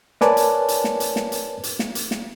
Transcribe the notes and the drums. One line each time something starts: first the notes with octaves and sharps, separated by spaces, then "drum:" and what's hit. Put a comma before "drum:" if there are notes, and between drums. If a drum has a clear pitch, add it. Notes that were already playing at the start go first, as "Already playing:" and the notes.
A#4 B4 C#5 D5 G#5 A5, drum: snare
drum: hi-hat
drum: hi-hat
drum: snare
drum: hi-hat
drum: snare
drum: hi-hat
drum: hi-hat
drum: snare
drum: hi-hat
drum: snare